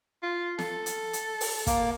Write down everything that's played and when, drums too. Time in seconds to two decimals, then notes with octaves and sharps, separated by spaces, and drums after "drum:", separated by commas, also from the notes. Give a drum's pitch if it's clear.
0.23 F4
0.59 A4, drum: snare
0.86 drum: hi-hat
1.13 drum: hi-hat
1.41 drum: open hi-hat
1.67 A#3, drum: kick, hi-hat